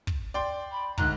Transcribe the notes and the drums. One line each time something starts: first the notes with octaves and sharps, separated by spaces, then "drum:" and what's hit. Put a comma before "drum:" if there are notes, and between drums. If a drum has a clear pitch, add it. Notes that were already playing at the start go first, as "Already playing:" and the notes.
drum: kick
D5 G5 C6
B5
D2 G#2 A#5 F#6, drum: kick